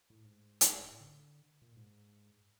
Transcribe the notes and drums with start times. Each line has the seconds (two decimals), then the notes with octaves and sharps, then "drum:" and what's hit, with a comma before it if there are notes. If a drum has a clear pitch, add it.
0.10 A2
0.25 G#2
0.61 drum: hi-hat
0.75 G#2
0.86 A2
1.00 D3
1.62 A#2
1.76 G#2